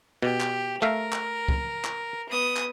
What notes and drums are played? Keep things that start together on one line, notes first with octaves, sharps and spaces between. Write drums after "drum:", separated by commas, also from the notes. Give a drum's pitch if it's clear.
B2 G4
drum: clap
A3 A#4 E5 F5
drum: clap
drum: kick
drum: clap
B3 D#6
drum: clap